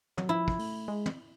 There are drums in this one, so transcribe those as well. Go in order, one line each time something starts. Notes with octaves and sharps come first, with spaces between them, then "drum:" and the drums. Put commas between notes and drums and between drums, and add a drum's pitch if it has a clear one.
F#3, drum: tom
F3 E4
drum: kick
A3, drum: open hi-hat
G#3
drum: tom